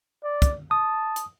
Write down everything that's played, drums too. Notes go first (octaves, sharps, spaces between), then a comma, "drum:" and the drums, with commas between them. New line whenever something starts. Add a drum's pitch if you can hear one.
D5
drum: kick, hi-hat
A5 D#6
drum: hi-hat